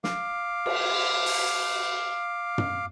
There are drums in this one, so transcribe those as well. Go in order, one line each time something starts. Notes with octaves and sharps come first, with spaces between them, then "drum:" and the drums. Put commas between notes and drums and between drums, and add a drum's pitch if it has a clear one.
F5 D6, drum: snare
drum: cymbal
drum: open hi-hat
drum: tom